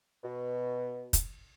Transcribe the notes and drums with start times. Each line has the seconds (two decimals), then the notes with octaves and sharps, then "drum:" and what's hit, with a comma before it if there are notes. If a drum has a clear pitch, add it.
0.24 B2
1.13 drum: kick, hi-hat